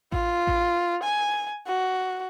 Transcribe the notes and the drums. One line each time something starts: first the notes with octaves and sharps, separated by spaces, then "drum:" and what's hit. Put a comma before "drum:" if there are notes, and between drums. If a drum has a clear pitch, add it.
F4, drum: kick A1
drum: kick A1
G#5
F#4